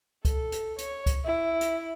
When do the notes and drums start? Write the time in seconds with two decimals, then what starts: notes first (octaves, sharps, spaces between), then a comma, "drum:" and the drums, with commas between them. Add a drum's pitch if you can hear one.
0.25 A4, drum: kick C#2, hi-hat
0.52 drum: hi-hat
0.78 C#5, drum: hi-hat
1.06 drum: kick C#2, hi-hat
1.25 E4
1.61 drum: hi-hat